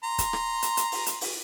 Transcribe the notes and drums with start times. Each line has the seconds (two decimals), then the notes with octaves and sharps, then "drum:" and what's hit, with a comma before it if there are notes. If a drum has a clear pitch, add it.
0.04 A#5 C6
0.18 drum: kick, hi-hat
0.33 drum: rim click
0.62 drum: hi-hat
0.77 drum: hi-hat
0.92 drum: open hi-hat
1.06 drum: hi-hat
1.21 drum: open hi-hat